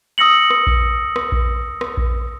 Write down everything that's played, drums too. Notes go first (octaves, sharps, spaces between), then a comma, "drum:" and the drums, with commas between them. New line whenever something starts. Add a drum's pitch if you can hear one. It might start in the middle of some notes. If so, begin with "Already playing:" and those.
D#6 E6 A#6 C#7 F#7
drum: rim click
drum: kick A#1
drum: rim click
drum: kick A#1
drum: rim click
drum: kick A#1